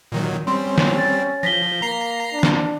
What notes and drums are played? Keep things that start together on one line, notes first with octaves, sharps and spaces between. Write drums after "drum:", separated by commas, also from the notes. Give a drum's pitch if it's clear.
A#2 D#3 F#3
G3 C4 C#4 C6
drum: snare
A6
F3 A#6 B6 G7
A#3 A#5 C7
D4
drum: snare